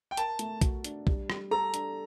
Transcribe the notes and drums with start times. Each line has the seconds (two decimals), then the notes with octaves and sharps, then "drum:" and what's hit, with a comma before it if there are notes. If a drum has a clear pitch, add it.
0.11 G5
0.17 A#4 A5, drum: hi-hat
0.39 A3, drum: hi-hat
0.61 F#4, drum: kick, hi-hat
0.84 D4, drum: hi-hat
1.07 G3, drum: kick
1.30 G3, drum: rim click
1.51 A4 A#5
1.74 D4, drum: hi-hat